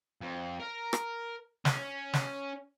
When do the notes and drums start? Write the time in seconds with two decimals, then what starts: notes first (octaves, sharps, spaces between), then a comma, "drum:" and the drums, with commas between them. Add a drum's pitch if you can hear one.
0.21 F2
0.60 A#4
0.93 drum: rim click
1.65 C#4, drum: snare
2.13 drum: snare